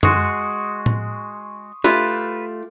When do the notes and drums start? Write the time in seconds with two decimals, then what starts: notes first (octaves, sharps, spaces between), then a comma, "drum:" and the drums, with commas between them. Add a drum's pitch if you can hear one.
0.03 G#3 F#4 C6 C#6 D#6, drum: tom
0.86 drum: tom A2
1.84 A3 F4 G4 B4, drum: snare